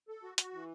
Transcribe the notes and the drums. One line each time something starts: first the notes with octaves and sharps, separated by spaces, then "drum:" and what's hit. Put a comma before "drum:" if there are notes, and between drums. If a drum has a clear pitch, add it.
A4
F#4
F#4, drum: hi-hat
E3